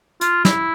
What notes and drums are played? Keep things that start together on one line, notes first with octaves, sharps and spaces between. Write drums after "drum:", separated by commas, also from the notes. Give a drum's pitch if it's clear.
F4, drum: hi-hat
E4, drum: snare